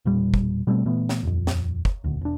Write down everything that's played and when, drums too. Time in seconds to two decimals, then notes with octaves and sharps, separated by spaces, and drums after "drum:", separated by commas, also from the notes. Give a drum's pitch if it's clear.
0.05 E1 A#2 G3
0.34 drum: kick
0.67 B2 G3 A3 C4
0.85 A#2 E3 A3 B3
1.09 drum: snare
1.23 D#1 F2
1.47 drum: snare
1.85 drum: kick
2.04 D#1 D2
2.21 E1 D4